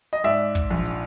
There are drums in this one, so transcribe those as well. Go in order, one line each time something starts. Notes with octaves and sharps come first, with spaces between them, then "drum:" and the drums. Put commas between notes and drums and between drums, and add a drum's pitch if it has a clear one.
D#5
G#2 D5 E5
drum: kick, hi-hat
A#1
drum: hi-hat